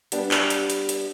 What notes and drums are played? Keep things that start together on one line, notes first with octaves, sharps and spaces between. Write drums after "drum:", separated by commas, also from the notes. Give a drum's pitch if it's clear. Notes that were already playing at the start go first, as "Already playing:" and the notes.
G3 B3 D4 G4 B4, drum: hi-hat
drum: clap
drum: hi-hat
drum: hi-hat
drum: hi-hat